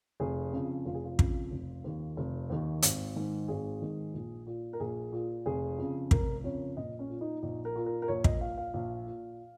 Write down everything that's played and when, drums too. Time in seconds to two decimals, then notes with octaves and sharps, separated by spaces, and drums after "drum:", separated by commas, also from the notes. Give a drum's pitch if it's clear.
0.20 F1 G#4
0.53 F2 C#3
0.85 F1 F4
0.95 G#4
1.04 F4
1.19 F2 C#3, drum: kick
1.51 F1
1.84 D#2 D#3
2.17 F1
2.50 D#2 D#3
2.82 G#1, drum: hi-hat
3.16 G#2 D#3
3.48 G#1 G#4
3.82 G#2 D#3
4.14 A#1
4.47 A#2
4.73 A#4
4.80 A#1 G#4
5.13 A#2
5.46 F1 G#4
5.78 F2 C#3
6.11 F1 A#4, drum: kick
6.44 F2 C#3 C#5
6.77 A#1 D#5
6.99 C#4
7.10 A#2
7.21 D#4
7.43 A#1 D#4
7.65 A#4
7.76 A#2
7.86 A#4
8.02 A#4
8.08 A#1 C#5
8.24 D#5, drum: kick
8.41 A#2 F5
8.57 F5
8.74 A#1 F5
9.07 A#2